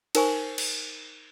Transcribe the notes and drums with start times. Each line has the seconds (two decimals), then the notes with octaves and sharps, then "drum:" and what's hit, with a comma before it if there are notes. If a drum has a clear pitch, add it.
0.15 D#4 A#4 C5 G#5 C#6, drum: cymbal
0.58 drum: cymbal